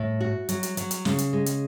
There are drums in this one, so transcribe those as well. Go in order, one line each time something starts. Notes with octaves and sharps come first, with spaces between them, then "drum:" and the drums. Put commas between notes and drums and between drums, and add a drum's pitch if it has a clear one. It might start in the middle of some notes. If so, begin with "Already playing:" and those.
Already playing: A2
F#4
F#3, drum: hi-hat
drum: hi-hat
F#3, drum: hi-hat
drum: hi-hat
C#3, drum: snare
drum: hi-hat
G#3
drum: hi-hat